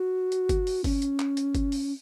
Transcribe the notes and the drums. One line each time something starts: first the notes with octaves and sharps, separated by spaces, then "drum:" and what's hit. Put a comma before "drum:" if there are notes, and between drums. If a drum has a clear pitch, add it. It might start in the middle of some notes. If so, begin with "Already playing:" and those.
Already playing: F#4
drum: hi-hat
drum: kick G1, hi-hat
drum: open hi-hat
C#4, drum: kick G1, open hi-hat
drum: hi-hat
drum: clap
drum: hi-hat
drum: kick G1, hi-hat
drum: open hi-hat